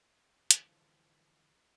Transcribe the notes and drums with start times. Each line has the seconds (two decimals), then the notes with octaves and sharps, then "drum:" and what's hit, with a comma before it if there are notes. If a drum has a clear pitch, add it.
0.51 D3 E3 F3 G#3, drum: hi-hat